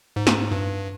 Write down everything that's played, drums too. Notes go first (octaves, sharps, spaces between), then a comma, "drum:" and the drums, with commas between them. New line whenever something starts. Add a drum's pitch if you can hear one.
G#2
drum: snare
G2